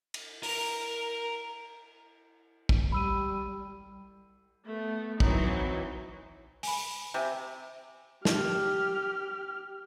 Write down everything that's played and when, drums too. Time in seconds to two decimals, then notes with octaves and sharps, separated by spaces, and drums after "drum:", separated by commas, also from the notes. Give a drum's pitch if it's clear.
0.14 drum: cymbal
0.43 A#4 A#5, drum: open hi-hat
2.69 drum: kick
2.92 G3 B5 E6 D#7
4.66 A3 B3
5.20 E3 F#3 C4 D#4, drum: kick
6.63 G#5 B5, drum: open hi-hat
7.14 C3 E5 G#5
8.25 G4 F6, drum: snare